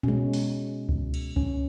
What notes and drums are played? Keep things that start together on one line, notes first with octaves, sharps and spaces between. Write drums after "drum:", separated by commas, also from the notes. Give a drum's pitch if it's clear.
B2 G#3 C#4
drum: open hi-hat
drum: kick C#2
drum: cymbal
C#4, drum: kick C#2